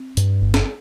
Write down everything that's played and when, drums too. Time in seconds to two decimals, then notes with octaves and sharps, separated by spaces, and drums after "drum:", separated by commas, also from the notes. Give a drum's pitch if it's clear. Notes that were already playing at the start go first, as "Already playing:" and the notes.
Already playing: C4
0.17 G2, drum: hi-hat
0.42 G1
0.54 drum: snare